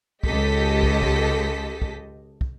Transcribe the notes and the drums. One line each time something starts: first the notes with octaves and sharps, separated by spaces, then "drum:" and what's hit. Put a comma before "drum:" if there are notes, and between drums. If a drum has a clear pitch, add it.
C#2 G#3 G4 A4 D#5 B6, drum: kick
drum: kick
drum: kick
drum: kick
drum: kick